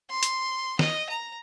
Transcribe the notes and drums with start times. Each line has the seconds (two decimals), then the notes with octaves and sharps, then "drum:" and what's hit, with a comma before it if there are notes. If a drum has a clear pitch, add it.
0.10 C6
0.23 drum: hi-hat
0.79 D#5, drum: snare
1.09 A#5